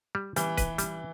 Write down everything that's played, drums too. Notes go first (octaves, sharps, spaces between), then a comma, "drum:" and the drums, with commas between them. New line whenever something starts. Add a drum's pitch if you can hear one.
G3
E3 G3, drum: hi-hat
B4, drum: kick C#1, hi-hat
G3, drum: hi-hat